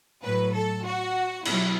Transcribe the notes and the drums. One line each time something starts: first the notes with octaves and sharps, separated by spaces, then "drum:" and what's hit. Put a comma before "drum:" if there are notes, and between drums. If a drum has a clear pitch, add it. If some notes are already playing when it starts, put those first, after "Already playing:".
A2 F#3 B4
A4
F#4
B2 F#3 E4, drum: cymbal